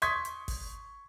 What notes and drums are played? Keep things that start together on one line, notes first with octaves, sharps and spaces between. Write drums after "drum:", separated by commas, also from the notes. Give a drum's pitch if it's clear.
C6 C#6 D#6 G#6 B6, drum: hi-hat
drum: hi-hat
drum: kick G1, open hi-hat